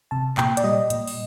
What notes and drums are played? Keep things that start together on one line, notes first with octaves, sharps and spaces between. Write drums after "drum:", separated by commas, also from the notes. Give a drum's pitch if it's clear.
C3 A5
A#2 G5, drum: clap
D5, drum: hi-hat
G3 D#5
A#2, drum: hi-hat
drum: open hi-hat